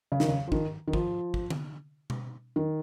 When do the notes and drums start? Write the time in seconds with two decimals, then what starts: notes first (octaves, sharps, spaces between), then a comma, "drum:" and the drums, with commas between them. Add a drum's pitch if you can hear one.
0.12 C#3
0.20 D#3, drum: snare
0.28 C#3
0.48 F3
0.52 D#3, drum: kick
0.88 D#3
0.93 F3, drum: kick
1.34 drum: kick
1.50 drum: tom D3
2.10 drum: tom B2
2.56 D#3